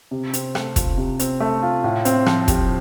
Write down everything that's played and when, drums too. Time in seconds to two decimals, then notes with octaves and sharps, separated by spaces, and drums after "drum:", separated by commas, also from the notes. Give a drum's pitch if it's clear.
0.11 C3
0.33 C4, drum: hi-hat
0.55 A3, drum: rim click
0.76 F4, drum: kick, hi-hat
0.98 C3
1.19 C4, drum: hi-hat
1.41 A3
1.62 F4
1.84 A2
2.05 C4, drum: hi-hat
2.26 F3, drum: rim click
2.48 G4, drum: kick, hi-hat